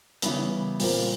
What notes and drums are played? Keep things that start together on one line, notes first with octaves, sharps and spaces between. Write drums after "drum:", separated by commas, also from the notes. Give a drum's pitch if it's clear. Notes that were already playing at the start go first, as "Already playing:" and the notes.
C#3 E3 G3 B3, drum: hi-hat
A#2 G3 C4 F4 A#4, drum: open hi-hat